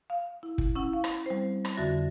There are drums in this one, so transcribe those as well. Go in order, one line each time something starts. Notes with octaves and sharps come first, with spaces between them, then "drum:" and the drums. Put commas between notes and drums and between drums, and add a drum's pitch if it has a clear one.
F5
E4
drum: kick
C#4 E4 F#5
F5
drum: rim click
G3 C4 C5
drum: rim click
F2 D3 F#4 E5 A6 A#6